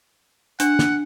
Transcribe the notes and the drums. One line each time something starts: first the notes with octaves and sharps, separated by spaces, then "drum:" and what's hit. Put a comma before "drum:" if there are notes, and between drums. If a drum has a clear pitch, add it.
D4 F#5, drum: hi-hat
drum: snare